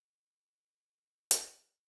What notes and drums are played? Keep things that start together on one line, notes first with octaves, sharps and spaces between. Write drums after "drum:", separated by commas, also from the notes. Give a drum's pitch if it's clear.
A#3 F5
C#4 F4 G#4
A#4
A#3
C#4 F4
drum: hi-hat